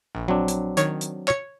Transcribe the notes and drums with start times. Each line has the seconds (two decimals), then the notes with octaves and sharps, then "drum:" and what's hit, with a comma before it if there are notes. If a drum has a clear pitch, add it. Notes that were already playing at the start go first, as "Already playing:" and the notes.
0.15 A#1
0.28 F#3 C4 D4
0.48 drum: hi-hat
0.77 D#3 C#5, drum: hi-hat
1.01 drum: hi-hat
1.28 C#5 C#7, drum: clap